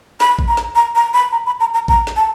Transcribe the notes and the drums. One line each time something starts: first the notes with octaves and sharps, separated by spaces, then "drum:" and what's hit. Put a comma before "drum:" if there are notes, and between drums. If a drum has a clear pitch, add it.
B5, drum: snare
drum: kick A1
A#5
drum: snare
A#5
A#5
B5
A#5
B5
A#5
A#5
A#5, drum: kick A1
drum: snare
A5